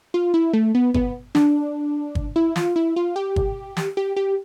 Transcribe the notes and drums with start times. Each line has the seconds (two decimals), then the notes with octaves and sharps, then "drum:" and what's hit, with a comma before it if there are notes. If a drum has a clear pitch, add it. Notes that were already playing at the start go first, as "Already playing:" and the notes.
0.14 F4
0.34 E4
0.53 A3
0.75 B3
0.94 B3, drum: kick G1
1.35 D4, drum: snare
2.15 drum: kick G1
2.36 E4
2.56 F4, drum: snare
2.76 E4
2.96 F4
3.16 G4
3.36 drum: kick G1
3.77 drum: snare
3.97 G4
4.16 G4